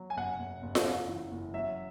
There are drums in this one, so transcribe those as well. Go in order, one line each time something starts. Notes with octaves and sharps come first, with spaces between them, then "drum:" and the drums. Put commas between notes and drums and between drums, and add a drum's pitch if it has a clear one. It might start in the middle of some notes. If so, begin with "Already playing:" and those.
Already playing: F#3
G#5
F#1 F#5
F#1
F#1
drum: snare F4
F#1
E3
F#1
F#3 E5